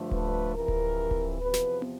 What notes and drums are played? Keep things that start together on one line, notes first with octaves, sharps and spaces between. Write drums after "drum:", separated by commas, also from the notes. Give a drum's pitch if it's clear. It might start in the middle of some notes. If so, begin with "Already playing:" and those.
Already playing: G2 D3 F3 A3
B4, drum: kick D1
F2 C3 E3 A#4
drum: kick D1
drum: kick D1
E2 C3 F3 B4
drum: snare
drum: tom